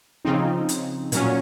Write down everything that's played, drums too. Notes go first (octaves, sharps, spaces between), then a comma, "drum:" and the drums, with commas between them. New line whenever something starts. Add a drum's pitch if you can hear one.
C#3 F3 C4 D#4
drum: hi-hat
A#2 F#3 C#4, drum: hi-hat